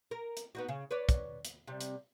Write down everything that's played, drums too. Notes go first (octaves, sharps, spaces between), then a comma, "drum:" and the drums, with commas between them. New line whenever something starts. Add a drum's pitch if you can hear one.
A#4
drum: hi-hat
B3 D#4 F#4
C#3
B4 C#5 D5
drum: kick, hi-hat
drum: hi-hat
C3 G3
drum: hi-hat